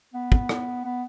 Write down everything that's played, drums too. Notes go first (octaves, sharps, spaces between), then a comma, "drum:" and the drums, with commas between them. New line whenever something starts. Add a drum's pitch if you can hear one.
B3
drum: kick
drum: rim click
B3